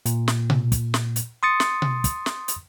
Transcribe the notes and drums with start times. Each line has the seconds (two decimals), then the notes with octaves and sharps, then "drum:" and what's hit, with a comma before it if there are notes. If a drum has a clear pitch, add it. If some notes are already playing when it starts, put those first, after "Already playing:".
0.06 A#2, drum: hi-hat
0.28 drum: snare
0.50 drum: tom B2
0.72 drum: kick, hi-hat
0.94 drum: snare
1.16 drum: hi-hat
1.43 C6 D#6 A6 C#7
1.60 drum: snare
1.82 drum: tom B2
2.04 drum: kick, hi-hat
2.26 drum: snare
2.48 drum: hi-hat